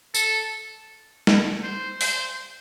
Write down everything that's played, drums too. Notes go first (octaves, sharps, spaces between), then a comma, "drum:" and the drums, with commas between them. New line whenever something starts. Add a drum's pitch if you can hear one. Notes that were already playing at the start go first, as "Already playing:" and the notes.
A4, drum: tambourine
drum: snare
C5
C5, drum: open hi-hat